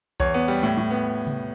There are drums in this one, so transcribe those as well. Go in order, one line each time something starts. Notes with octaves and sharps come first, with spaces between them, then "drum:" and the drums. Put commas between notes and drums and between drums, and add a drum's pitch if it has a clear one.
E2 C#5, drum: kick B1
B3
G3
A2
A2
B3
drum: tom C3